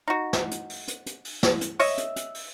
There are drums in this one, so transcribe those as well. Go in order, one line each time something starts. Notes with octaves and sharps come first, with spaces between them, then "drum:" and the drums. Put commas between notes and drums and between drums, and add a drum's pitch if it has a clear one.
D#4 F#4
drum: snare
drum: hi-hat
drum: open hi-hat
drum: hi-hat
drum: hi-hat
drum: open hi-hat
drum: snare
drum: hi-hat
C#5 D#5 E5, drum: open hi-hat
drum: hi-hat
drum: hi-hat
drum: open hi-hat